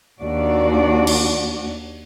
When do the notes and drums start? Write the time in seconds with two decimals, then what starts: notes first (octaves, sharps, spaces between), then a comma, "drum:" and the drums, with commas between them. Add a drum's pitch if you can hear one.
0.20 D#2 D4 F#4 D5
1.07 drum: cymbal